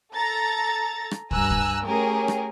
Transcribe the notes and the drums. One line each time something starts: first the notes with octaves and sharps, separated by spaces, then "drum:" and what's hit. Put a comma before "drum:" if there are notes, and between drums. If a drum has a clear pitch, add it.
A4 A#5 A6
drum: rim click
G2 G#5 A#5 E6 F#6, drum: kick
drum: kick
A3 C#4 G4 G#4 A#4
drum: rim click